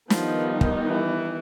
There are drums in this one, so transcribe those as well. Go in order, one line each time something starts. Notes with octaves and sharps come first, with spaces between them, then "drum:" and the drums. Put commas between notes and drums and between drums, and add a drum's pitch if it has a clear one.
D#3 F3 G3 B3 D#4, drum: snare
drum: kick
E3